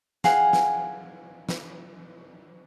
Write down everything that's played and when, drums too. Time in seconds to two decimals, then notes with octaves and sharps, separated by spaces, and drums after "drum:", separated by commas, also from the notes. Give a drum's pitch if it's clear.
0.24 G#4 F5 F#5 G#5, drum: snare
0.53 drum: snare
1.49 drum: snare